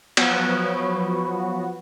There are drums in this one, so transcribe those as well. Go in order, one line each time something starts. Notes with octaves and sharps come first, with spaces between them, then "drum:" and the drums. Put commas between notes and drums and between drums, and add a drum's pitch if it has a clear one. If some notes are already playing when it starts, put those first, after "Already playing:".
F3 F#3 B3 F#4, drum: cymbal